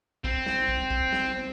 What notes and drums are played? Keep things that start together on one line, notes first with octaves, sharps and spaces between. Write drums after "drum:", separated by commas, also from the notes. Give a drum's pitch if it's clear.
C4, drum: kick
drum: snare
drum: kick
drum: kick
drum: snare